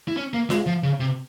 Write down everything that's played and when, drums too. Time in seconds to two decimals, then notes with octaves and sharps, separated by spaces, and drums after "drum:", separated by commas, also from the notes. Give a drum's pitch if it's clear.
0.08 E4
0.17 C#4
0.34 A#3
0.50 G#3, drum: snare F4
0.66 F3
0.83 C#3
1.00 C3